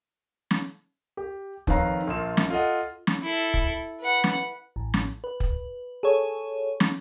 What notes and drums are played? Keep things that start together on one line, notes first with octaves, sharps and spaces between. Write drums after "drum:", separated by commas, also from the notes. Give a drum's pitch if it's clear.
drum: snare
G4
F2 D#3 B4 C#5 F5 A#5, drum: kick
A#1 A#2 F4 E7
drum: snare
F4 A4 D#5 F#5
drum: snare
E4 A4
drum: kick
B4 F#5
drum: snare
A1
drum: snare
B4
drum: kick
G#4 A4 C#5
drum: snare